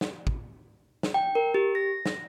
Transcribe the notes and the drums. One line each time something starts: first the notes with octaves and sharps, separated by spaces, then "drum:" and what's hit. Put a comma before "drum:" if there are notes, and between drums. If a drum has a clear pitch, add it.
drum: snare
drum: kick
drum: snare
G5
A#4
G4
A#6
drum: snare